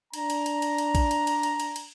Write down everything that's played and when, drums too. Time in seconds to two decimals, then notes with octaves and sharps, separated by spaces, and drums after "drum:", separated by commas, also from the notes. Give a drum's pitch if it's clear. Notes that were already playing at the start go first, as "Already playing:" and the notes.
0.14 D4 A#5, drum: cymbal
0.30 drum: cymbal
0.46 drum: cymbal
0.62 drum: cymbal
0.78 drum: cymbal
0.95 drum: kick A#1, cymbal
1.11 drum: cymbal
1.27 drum: cymbal
1.43 drum: cymbal
1.60 drum: cymbal
1.76 drum: cymbal